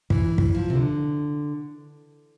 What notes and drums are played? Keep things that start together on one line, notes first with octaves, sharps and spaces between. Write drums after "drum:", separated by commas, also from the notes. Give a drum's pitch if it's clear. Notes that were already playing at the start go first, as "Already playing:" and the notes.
E3, drum: kick
drum: kick
F3
C3
D3